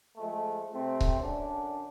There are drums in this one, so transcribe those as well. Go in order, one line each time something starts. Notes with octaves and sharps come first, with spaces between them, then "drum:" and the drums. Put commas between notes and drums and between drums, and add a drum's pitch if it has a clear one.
F3 G#3 A3
C3 A3 C4
drum: kick C#1
F#2 D3 D4